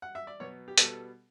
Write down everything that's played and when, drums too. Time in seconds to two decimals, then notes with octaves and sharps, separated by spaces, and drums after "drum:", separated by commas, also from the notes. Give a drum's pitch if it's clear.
0.02 F#5
0.15 E5
0.27 D5
0.40 B2 F#3 B3 C#5
0.68 G4
0.78 B2 G3 B3 A4, drum: hi-hat